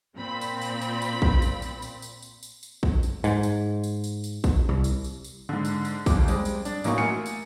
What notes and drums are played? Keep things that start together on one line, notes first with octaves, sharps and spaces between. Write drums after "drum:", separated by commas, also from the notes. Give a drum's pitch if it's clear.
A#2 C4 B5
drum: tambourine
drum: tambourine
drum: tambourine
drum: tambourine
drum: kick A#1
drum: tambourine
drum: tambourine
drum: tambourine
drum: tambourine
drum: tambourine
drum: tambourine
drum: tambourine
drum: kick A#1
drum: tambourine
G#2, drum: tambourine
drum: tambourine
drum: tambourine
drum: tambourine
drum: tambourine
drum: kick A#1, tambourine
C2
drum: tambourine
drum: tambourine
drum: tambourine
G#2 D3
drum: tambourine
drum: tambourine
D#2 D6, drum: kick A#1, tambourine
G3 G#3 C4, drum: tambourine
drum: tambourine
D4, drum: tambourine
A1 E3 A#3 D#4 F#4 C#6, drum: tambourine
A3 F#4 A#4 G#5 C#7
drum: tambourine